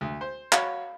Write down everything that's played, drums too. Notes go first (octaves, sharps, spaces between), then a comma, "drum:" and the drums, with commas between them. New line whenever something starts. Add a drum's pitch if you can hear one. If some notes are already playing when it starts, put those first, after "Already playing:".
D2
C5
F#4 C#5 F5 B5, drum: clap